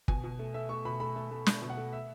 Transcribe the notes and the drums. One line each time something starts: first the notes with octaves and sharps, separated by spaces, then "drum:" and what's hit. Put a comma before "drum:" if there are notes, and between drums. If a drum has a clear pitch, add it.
B2 G#5, drum: kick
B2
A3
A3 E5
A3 C#6
B2 B5
A3 B5
A3
A3
A3, drum: snare
B2
F#5
A3
E5